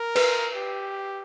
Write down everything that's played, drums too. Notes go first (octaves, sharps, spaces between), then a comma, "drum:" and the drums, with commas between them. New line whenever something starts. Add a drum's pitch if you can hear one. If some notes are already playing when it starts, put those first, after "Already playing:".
Already playing: A#4
B4, drum: cymbal
G4